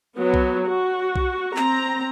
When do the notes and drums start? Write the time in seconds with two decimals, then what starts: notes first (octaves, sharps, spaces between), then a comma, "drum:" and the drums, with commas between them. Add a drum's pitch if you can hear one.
0.18 F#3 B3
0.34 drum: kick B1
0.67 F#4
1.16 drum: kick B1
1.56 C4 A#5, drum: clap